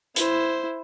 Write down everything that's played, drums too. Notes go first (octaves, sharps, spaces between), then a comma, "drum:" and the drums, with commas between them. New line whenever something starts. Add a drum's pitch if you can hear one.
E4 C5, drum: hi-hat